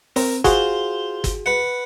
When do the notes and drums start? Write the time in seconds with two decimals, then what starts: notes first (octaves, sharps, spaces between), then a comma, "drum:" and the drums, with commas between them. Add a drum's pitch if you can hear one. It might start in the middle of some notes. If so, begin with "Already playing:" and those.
0.16 C4 A#4, drum: open hi-hat
0.44 F4 F#4 G#4 C5, drum: kick G1, hi-hat
1.24 drum: kick G1, hi-hat
1.46 B4 F#5